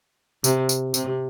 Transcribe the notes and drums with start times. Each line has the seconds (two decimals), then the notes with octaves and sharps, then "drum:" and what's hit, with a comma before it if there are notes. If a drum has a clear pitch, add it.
0.44 C3, drum: tambourine
0.69 drum: tambourine
0.94 C3, drum: tambourine